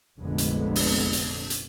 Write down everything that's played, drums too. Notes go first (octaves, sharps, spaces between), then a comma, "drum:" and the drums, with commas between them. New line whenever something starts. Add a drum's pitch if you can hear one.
F1 A#1 F2 D3 G#3 B3
drum: hi-hat
drum: open hi-hat
drum: hi-hat
drum: hi-hat